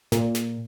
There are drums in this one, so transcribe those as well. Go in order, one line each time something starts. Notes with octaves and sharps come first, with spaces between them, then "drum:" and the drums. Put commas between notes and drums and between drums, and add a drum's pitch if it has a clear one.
A#2, drum: snare
drum: snare